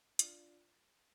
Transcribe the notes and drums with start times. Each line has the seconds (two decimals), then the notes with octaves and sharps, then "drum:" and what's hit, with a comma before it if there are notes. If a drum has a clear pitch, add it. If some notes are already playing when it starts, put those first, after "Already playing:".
0.19 D4 F4, drum: hi-hat